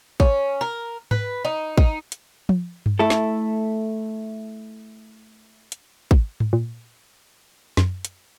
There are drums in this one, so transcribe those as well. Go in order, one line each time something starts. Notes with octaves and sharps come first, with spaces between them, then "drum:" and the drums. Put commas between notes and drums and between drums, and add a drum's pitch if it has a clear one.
C#4, drum: kick
A#4
B4, drum: tom G#2
D#4
D#4, drum: kick
drum: hi-hat
drum: tom F3
drum: tom G2
A3 E4 A4
drum: snare
drum: hi-hat
drum: kick
drum: tom G#2
A#2
F#2, drum: snare
drum: hi-hat